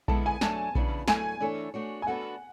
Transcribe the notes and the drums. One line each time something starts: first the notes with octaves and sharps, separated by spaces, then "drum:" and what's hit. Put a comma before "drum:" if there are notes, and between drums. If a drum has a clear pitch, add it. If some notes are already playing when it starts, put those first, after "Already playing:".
D3 G#3 B3 E4 A4 A5, drum: kick A#1
G#5
F#3 A3 D4 A5, drum: snare
C#3 E3 B3 D4, drum: kick A#1
F#3 A3 D4 G#5, drum: snare
E3 A3 D4 A4 C#5
A3 D4 F#4 C#5
G#5
B3 D4 F#4 A4 F#5